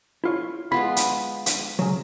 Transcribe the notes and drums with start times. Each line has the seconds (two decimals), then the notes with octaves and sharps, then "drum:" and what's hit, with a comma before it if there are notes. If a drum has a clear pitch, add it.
0.24 E4 F4 C#5
0.72 G#3 B3 F4 B5
0.96 drum: hi-hat
1.46 drum: hi-hat
1.79 C#3 F#3